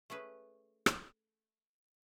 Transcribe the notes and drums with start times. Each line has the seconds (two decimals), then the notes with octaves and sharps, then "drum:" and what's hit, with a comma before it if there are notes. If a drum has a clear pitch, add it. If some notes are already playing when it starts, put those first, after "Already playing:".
0.10 A3 C#4 G#4 B4
0.86 drum: rim click